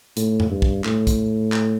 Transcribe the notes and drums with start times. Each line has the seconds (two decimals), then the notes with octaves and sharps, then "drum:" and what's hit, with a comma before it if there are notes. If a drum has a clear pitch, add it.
0.17 A2, drum: hi-hat
0.40 drum: tom F2
0.51 G2
0.62 drum: kick B1
0.84 A2, drum: clap
1.07 drum: kick B1, hi-hat
1.52 drum: clap